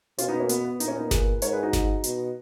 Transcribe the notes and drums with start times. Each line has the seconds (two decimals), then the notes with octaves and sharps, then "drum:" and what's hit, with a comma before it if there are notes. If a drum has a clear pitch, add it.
0.18 B2 C#4 F4, drum: hi-hat
0.29 B3 D#4
0.39 A#3 C#4
0.49 B3, drum: hi-hat
0.65 B3
0.80 A#2 D#4, drum: hi-hat
0.88 C#4
0.96 B3 D#4
1.11 G#4 B4, drum: snare G1
1.42 G#2 A#4 C#5, drum: hi-hat
1.52 G#4 B4
1.63 D#4 F#4
1.73 drum: snare G1
2.04 B2, drum: hi-hat